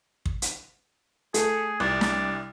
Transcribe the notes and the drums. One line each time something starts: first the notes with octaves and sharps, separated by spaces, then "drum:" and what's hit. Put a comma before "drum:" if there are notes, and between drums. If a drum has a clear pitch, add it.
drum: kick
drum: hi-hat
A3 G#4, drum: hi-hat
C2 D5
drum: snare